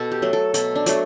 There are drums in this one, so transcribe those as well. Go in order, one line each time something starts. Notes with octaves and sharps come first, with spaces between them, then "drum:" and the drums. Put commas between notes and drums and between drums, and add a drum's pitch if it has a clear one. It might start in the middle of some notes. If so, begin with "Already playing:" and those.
Already playing: B2 A4
G4
F#3 A3
A4
B2 A4, drum: hi-hat
D4
F#3 A3, drum: hi-hat